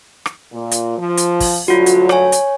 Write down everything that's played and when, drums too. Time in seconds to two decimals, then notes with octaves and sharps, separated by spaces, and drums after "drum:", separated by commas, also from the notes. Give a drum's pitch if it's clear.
0.26 drum: rim click
0.53 A#2
0.71 drum: hi-hat
0.98 F3
1.17 drum: hi-hat
1.40 drum: kick, open hi-hat
1.68 D2 G2 F#3 F4 F#4
1.86 drum: hi-hat
2.09 C#5 G#5, drum: rim click
2.32 drum: hi-hat